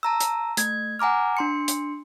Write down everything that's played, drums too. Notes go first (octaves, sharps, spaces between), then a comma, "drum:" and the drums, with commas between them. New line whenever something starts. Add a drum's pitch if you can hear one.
A5 A#5 E6
drum: hi-hat
A3 G#6, drum: hi-hat
F#5 G#5 A#5 D6 F6
D4 C6 C#7
drum: hi-hat